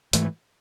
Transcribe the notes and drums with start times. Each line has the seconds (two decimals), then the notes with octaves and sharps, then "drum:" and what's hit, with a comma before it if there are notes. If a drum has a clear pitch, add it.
0.13 G#2 E3 A3, drum: hi-hat